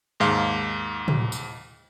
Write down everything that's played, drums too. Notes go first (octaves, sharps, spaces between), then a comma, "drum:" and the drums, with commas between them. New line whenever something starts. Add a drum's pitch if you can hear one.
D#2 G#2 F5
drum: tom
drum: tambourine